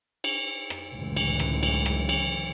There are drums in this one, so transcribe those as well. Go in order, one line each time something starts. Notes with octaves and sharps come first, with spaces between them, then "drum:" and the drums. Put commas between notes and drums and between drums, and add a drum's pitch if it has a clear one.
drum: cymbal
drum: rim click
C#2 F#2 A2 D3 E3
drum: cymbal
drum: rim click
drum: cymbal
drum: rim click
drum: cymbal